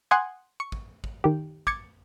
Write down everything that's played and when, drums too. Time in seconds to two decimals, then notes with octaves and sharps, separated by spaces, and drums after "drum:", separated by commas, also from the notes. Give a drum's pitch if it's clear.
0.11 F#5 G#5 C6 D#6 G#6
0.60 C#6
0.72 drum: kick
1.04 drum: kick
1.24 D#3 G4
1.67 D6 G#6 A6 C#7, drum: kick